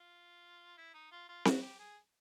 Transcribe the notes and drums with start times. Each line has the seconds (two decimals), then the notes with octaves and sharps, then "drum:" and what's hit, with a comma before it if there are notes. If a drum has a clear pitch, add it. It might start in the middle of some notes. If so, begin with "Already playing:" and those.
Already playing: F4
0.78 E4
0.94 D#4
1.12 F4
1.29 F4
1.45 F#4, drum: snare C4
1.62 G4
1.79 G#4